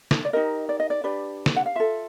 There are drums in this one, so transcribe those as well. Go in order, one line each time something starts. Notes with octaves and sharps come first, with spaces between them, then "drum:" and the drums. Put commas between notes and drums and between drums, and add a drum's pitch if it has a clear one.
drum: snare
D5
D#4 G4 A#4 D#5
D5
D#5
D5
D4 G4 B4 D5
drum: snare
F#5
F5
F4 A4 E5